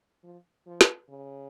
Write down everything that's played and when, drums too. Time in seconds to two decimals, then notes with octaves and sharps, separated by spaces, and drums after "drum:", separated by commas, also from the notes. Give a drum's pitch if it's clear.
0.24 F3
0.67 F3
0.81 drum: snare
1.09 C#3